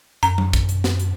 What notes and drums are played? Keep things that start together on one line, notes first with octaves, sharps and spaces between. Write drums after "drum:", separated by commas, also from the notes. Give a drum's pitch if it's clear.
F#2 A#5, drum: hi-hat
drum: tom F#3
drum: kick, hi-hat
drum: hi-hat
drum: snare
drum: hi-hat